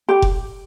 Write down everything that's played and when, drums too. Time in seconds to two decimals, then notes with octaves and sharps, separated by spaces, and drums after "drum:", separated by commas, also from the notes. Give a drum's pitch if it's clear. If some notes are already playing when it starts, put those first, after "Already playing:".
0.09 G4
0.22 drum: kick F1